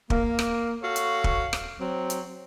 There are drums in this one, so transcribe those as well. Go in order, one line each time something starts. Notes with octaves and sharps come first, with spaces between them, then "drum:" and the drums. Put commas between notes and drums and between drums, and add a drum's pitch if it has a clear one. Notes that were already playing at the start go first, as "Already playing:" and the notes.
A#3, drum: kick
drum: rim click
F#4 A4 C#5 F5
drum: hi-hat
drum: kick
drum: rim click
F#3 C4
drum: hi-hat